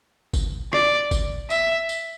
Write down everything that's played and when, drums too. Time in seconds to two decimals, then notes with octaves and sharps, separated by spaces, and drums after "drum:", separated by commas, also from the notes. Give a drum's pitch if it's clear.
0.33 drum: kick G1, tambourine
0.73 D5, drum: rim click
1.11 drum: kick G1, tambourine
1.50 E5, drum: tambourine
1.89 drum: tambourine